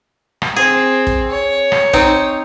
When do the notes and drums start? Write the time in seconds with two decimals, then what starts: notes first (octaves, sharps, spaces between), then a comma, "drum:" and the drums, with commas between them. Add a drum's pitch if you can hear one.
0.42 drum: rim click
0.56 C4 G#4
1.07 drum: kick
1.30 C#5
1.72 drum: rim click
1.93 C4 D#4, drum: kick